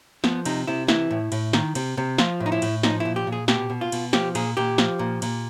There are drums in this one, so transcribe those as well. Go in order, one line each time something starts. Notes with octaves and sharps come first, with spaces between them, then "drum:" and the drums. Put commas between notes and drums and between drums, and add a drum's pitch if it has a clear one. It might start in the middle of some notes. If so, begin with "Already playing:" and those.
F3 B3, drum: snare
C3 D#4, drum: cymbal
C3 E4
E3 E4, drum: snare
A2
A2, drum: cymbal
D#3, drum: snare
C3, drum: cymbal
C3
F3 F4, drum: snare
A2
D#4
E4
A2, drum: cymbal
F3 D#4, drum: snare
A#2 E4
G4
A#2
G#4
B2 G4, drum: snare
B2
F4
B2, drum: cymbal
F3 G4, drum: snare
A#2 G#4, drum: cymbal
A#2 G4
F3, drum: snare
A#2
A#2, drum: cymbal